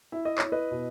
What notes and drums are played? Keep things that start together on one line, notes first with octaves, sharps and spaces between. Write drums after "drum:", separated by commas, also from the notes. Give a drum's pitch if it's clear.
E4 E5
D#5
E4 C#5, drum: clap
B4 D#5
B2